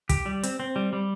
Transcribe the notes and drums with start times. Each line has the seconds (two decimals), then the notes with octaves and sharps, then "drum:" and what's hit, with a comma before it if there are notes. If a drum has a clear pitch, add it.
0.09 G4, drum: kick, hi-hat
0.26 G3
0.43 C4, drum: hi-hat
0.60 C4
0.76 G3
0.93 G3